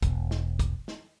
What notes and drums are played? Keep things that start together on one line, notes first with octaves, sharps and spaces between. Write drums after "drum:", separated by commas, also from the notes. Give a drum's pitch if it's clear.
E1, drum: kick, hi-hat
drum: snare
drum: kick, hi-hat
drum: snare